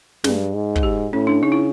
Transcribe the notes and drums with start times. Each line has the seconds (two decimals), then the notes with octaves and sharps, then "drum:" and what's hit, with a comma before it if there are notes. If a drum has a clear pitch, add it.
0.24 G2 G#4, drum: snare
0.54 G#2
0.76 G#4, drum: kick
0.83 G4
1.13 A2 C#4
1.27 D4
1.42 C#3 D#4
1.52 E4